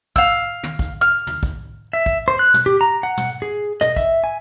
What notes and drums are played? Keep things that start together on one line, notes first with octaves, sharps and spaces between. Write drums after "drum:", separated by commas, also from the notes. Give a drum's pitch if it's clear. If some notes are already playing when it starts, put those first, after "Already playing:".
F5 E6, drum: kick
drum: tom
drum: kick
F6
drum: tom
drum: kick
E5
drum: kick
C5
F#6
drum: tom
G4
A#5
F#5
drum: tom
G#4
D#5, drum: tom
E5, drum: kick
G#5